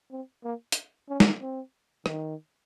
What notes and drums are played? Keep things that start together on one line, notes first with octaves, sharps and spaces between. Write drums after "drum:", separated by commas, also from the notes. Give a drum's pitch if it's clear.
C4
A#3
drum: hi-hat
C#4
drum: snare
C4
D#3, drum: rim click